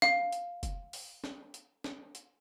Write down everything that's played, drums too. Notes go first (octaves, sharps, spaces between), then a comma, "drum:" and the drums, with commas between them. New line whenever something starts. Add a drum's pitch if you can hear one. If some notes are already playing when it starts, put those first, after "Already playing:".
F5, drum: snare
drum: hi-hat
drum: kick, hi-hat
drum: open hi-hat
drum: snare
drum: hi-hat
drum: snare
drum: hi-hat